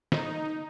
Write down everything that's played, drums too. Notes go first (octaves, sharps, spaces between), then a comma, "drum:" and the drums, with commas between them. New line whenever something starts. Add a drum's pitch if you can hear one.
D#4, drum: snare